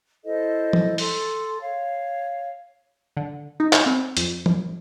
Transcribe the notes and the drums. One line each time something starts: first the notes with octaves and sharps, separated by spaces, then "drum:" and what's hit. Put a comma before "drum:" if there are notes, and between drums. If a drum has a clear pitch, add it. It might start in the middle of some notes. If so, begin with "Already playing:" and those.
E4 A4 C5 D#5
drum: tom E3
A4 C6, drum: open hi-hat
C#5 F5
D3
D#4
drum: clap
C4
F2, drum: hi-hat
drum: tom E3